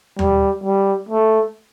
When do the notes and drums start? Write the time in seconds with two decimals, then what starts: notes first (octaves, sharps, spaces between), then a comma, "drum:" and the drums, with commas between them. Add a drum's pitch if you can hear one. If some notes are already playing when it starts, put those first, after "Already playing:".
0.19 G3, drum: tom D#2
0.64 G3
1.09 A3